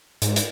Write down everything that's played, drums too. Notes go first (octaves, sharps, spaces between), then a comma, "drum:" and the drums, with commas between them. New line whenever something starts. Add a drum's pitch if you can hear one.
G#2, drum: hi-hat
drum: hi-hat